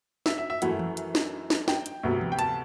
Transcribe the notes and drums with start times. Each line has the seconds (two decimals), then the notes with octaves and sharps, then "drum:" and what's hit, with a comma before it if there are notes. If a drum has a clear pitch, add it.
0.26 E5, drum: snare
0.38 E5
0.50 E5
0.62 F#2 E3 A3 E4 F#5, drum: hi-hat
0.79 drum: tom E3
0.97 drum: hi-hat
1.15 drum: snare
1.50 drum: snare
1.68 G5, drum: snare
1.86 drum: hi-hat
2.03 D2 C3 F#3 B3
2.21 drum: tom E3
2.32 G5
2.39 A5, drum: hi-hat